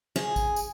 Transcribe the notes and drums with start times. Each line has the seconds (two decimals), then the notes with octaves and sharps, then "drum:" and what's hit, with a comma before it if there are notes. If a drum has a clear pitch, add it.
0.16 G#4, drum: snare
0.36 drum: kick A1, tambourine
0.56 drum: tambourine